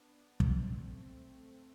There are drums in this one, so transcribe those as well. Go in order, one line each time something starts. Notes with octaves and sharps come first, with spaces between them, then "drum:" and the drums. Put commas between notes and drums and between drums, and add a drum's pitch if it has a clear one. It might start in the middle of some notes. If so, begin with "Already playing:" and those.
Already playing: B3 D4
drum: kick
A3 C4